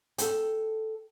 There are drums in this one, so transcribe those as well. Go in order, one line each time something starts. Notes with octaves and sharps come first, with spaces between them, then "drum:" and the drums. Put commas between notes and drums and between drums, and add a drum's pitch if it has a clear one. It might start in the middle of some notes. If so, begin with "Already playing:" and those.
A4 G5, drum: hi-hat